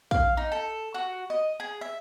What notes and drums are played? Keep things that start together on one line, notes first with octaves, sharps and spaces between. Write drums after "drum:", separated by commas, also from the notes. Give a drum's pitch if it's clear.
F5, drum: kick
D#4
A4
F#4
D#5
G#4
E5